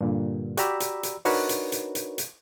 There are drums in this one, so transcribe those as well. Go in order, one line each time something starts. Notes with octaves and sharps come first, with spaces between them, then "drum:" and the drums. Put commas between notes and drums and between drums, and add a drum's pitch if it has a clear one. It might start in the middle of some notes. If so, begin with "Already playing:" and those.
G2 A#2 D3
F#4 G4 D5 A#5 B5 E6, drum: hi-hat
drum: hi-hat
drum: hi-hat
D4 D#4 F#4 A#4 B4 C#5, drum: open hi-hat
drum: hi-hat
drum: hi-hat
drum: hi-hat
drum: hi-hat